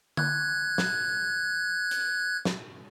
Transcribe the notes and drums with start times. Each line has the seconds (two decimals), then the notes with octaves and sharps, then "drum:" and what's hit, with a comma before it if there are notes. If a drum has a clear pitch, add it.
0.17 F#6 G#6, drum: tom D3
0.78 drum: snare
1.91 drum: hi-hat
2.45 drum: snare